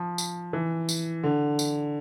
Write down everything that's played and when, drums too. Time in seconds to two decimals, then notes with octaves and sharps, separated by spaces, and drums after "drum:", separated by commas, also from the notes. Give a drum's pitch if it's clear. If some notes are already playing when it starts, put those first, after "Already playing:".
Already playing: F3
0.18 drum: tambourine
0.53 E3
0.89 drum: tambourine
1.23 D3
1.59 drum: tambourine